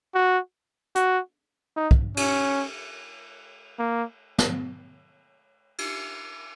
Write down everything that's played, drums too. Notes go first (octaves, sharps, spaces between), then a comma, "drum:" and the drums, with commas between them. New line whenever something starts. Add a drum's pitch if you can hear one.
F#4
F#4, drum: hi-hat
D#4
drum: kick
C#4, drum: cymbal
A#3
drum: snare
drum: cymbal